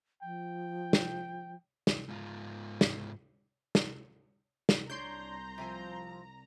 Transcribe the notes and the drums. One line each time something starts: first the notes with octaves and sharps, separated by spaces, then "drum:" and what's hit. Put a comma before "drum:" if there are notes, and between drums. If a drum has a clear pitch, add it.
F3 G5
drum: snare
drum: snare
G#2 F4
drum: snare
drum: snare
drum: snare
C2 D4 C#5 A#5 C6 G6
C3 F3 C4 G#5